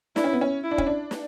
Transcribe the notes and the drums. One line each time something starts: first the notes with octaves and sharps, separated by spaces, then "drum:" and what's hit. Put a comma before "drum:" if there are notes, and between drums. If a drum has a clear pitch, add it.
D4 E4, drum: snare
C#4
B3
C#4
E4
D4
C#4, drum: kick
D4
drum: snare